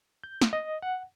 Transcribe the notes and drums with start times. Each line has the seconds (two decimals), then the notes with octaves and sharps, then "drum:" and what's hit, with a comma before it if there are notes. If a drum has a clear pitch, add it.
0.24 G6
0.41 drum: snare
0.53 D#5
0.82 F#5